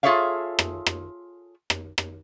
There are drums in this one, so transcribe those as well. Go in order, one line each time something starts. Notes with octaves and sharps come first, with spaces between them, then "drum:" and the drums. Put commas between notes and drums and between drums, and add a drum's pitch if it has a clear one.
F4 G#4 A4 C#5 E5 F5
drum: rim click
drum: rim click
drum: rim click
drum: rim click